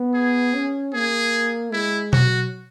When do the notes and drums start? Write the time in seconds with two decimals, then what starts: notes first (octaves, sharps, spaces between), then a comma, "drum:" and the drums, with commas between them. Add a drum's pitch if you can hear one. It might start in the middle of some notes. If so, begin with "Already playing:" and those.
Already playing: B3
0.14 G#4
0.54 C#4
0.94 A#3 G#4
1.73 G#3 E4
2.13 F#3 F#4, drum: tom B2